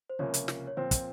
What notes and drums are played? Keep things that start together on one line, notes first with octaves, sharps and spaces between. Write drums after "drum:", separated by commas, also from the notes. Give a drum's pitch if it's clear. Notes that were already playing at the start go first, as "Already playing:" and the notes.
C5
C#2 C3 F3 A#3 C#4 C#5
drum: hi-hat
drum: snare
C#5
A#2 F3 C4 C5
drum: kick, hi-hat